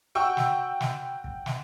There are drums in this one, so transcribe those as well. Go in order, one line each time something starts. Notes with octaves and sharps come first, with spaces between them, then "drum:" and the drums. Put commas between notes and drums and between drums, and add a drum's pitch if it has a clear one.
F#4 G5 C#6 E6
drum: snare
drum: snare
drum: kick
drum: snare